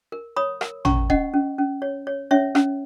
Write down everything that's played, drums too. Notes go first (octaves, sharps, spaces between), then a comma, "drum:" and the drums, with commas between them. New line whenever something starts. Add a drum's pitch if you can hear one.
A#4
C#5 B5 D#6
A#4, drum: rim click
C#4 A#5 C#6, drum: tom
C#4 D#5 F#5, drum: kick D#1
C#4
C#4
C#5
C#5
C#4 C#5 E5
C#4, drum: rim click